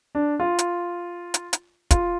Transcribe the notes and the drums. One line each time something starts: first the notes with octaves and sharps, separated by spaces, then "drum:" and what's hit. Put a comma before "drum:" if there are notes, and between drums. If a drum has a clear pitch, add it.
D4
F4
drum: hi-hat
drum: hi-hat
drum: hi-hat
F4, drum: kick, hi-hat